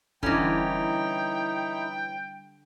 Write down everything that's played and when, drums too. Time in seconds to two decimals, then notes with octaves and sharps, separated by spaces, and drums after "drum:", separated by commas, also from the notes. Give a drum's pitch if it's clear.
0.23 D3 E3 G3 C#4 D#4 E4 G5, drum: kick F1